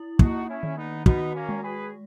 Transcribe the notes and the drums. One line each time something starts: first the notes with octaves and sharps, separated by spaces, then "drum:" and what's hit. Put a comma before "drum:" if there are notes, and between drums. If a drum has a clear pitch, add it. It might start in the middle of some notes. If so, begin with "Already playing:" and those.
Already playing: E4
A#3 D#4 F#4, drum: kick
C#4 E4
D#3
B3 D#4
B3 D#4 F#4, drum: kick
A#3 C#4
G#3
G#4 B4